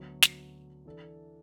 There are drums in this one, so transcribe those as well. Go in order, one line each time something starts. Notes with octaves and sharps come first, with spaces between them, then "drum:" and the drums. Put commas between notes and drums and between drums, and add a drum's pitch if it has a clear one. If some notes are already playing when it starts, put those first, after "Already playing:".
Already playing: D2 D3 F#3 B3
drum: snare
E3 D4 A4